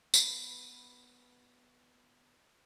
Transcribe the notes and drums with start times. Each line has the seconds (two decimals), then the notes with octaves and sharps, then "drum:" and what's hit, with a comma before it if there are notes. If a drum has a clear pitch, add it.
0.14 B3 B4, drum: tambourine